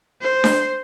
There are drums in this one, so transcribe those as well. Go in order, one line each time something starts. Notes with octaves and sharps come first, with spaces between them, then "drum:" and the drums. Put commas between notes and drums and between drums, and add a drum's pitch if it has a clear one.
C5
drum: snare D4